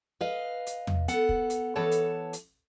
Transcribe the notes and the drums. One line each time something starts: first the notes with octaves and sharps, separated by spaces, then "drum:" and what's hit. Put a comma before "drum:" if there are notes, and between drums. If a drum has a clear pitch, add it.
B4 D#5 F5
drum: hi-hat
drum: tom E2
B3 A4 F#5, drum: hi-hat
drum: kick
drum: hi-hat
E3 B3 A4 C#5 A5
drum: hi-hat
drum: hi-hat